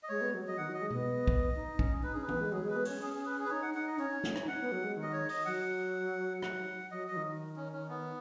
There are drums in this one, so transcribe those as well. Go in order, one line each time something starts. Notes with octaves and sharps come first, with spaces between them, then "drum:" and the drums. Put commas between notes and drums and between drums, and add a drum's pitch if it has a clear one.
D#5
G#3 C#5
B3
F#3
F#3 D#5
D#3 F#5
F#3 D#5
G#3
B3 D#5, drum: tom B2
drum: kick
D#4
C#4, drum: kick
D#4 B4
C#4 G#4
B4
B3, drum: tom
G#3
F#3 G#4
G#3 B4
B3
C#4 C#5, drum: open hi-hat
C#4 G#4
G#4
B4
G#4
B4
D#4 C#5
F#5
D#4 F#5
D#5
C#4 C#5
C#4
C#4, drum: snare
D#4, drum: rim click
C#4 F#5
B3
F#3
G#3
D#3
D#5
C#5
D#5, drum: open hi-hat
F#3 F#5
F#5, drum: rim click
F#3 D#5
F#3 D#5
D#3
C#4
C#4
B3